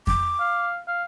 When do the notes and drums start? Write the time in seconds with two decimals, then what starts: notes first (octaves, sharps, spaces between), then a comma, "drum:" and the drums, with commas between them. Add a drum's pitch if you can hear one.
0.07 D6, drum: kick F2
0.39 F5
0.88 F5